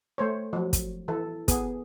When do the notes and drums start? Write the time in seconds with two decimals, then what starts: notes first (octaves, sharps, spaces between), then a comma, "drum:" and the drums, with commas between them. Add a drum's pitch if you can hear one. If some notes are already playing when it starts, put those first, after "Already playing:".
0.18 A3 C5 C#5
0.53 F3 F#3
0.73 drum: kick, hi-hat
1.08 E3 A4
1.48 B3 G#4, drum: kick, hi-hat